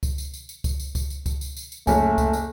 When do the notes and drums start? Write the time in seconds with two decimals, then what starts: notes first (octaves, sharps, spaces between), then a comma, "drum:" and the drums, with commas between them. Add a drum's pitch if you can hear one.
0.03 drum: kick C#2, tambourine
0.18 drum: tambourine
0.34 drum: tambourine
0.49 drum: tambourine
0.64 drum: kick C#2, tambourine
0.80 drum: tambourine
0.95 drum: kick C#2, tambourine
1.10 drum: tambourine
1.26 drum: kick C#2, tambourine
1.41 drum: tambourine
1.56 drum: tambourine
1.72 drum: tambourine
1.87 F#1 A3 C#5 G#5, drum: kick C#2, tambourine
2.18 drum: kick C#2, tambourine
2.33 drum: tambourine